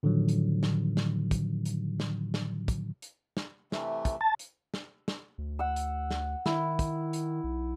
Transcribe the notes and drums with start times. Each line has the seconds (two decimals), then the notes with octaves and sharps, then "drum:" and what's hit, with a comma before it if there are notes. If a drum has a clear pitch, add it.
0.03 A2 D3 D#3 F3 F#3
0.29 drum: hi-hat
0.63 drum: snare
0.97 drum: snare
1.31 drum: kick, hi-hat
1.65 drum: hi-hat
2.00 drum: snare
2.34 drum: snare
2.68 drum: kick, hi-hat
3.02 drum: hi-hat
3.37 drum: snare
3.72 C3 E3 A3, drum: snare
4.05 drum: kick, hi-hat
4.21 A5
4.39 drum: hi-hat
4.74 drum: snare
5.08 drum: snare
5.38 D2
5.59 F#5 E6
5.76 drum: hi-hat
6.11 drum: snare
6.46 D#3 E4, drum: snare
6.79 drum: kick, hi-hat
7.13 drum: hi-hat
7.44 B1